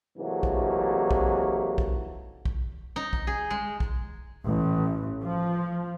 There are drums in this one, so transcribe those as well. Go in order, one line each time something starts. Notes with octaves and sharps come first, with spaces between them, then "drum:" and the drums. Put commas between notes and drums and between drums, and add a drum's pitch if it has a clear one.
G#2 C3 E3 F#3 A3 A#3
drum: kick
drum: kick
drum: kick
drum: kick
D#4
drum: kick
G#4
G#3
drum: kick
A1
F3